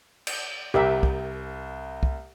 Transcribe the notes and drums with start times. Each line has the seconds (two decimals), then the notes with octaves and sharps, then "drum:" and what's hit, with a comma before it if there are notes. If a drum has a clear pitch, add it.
0.27 drum: cymbal
0.74 C2 G4 A#4 E5
1.03 drum: kick
2.03 drum: kick